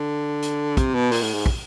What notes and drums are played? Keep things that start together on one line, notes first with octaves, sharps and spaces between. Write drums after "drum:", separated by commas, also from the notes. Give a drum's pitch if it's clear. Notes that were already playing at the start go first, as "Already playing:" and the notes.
Already playing: D3
drum: hi-hat
C3, drum: kick, hi-hat
B2
A#2, drum: open hi-hat
A2
G#2
drum: kick